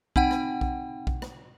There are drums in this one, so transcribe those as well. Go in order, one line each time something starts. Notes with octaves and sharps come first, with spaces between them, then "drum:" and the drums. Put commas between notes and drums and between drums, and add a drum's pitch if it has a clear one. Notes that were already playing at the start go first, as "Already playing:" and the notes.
C4 D#4 F#5 G5, drum: kick B1
drum: rim click
drum: kick B1
drum: kick B1
drum: rim click